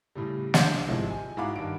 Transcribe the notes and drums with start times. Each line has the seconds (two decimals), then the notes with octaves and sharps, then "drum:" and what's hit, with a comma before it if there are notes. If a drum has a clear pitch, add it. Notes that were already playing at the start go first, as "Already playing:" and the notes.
0.15 A2 C#3 G3
0.54 C2 D4 C5 F5 G6 C#7, drum: snare
0.88 G#1 C3 F3 G#3 E4
1.10 G#5
1.37 G#2 E4 F#4 F5 B5 D6
1.56 G2 D#3 D7